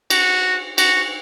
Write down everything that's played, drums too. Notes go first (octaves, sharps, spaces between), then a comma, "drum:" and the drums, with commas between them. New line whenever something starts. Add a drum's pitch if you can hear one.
F#4, drum: cymbal
F#4, drum: cymbal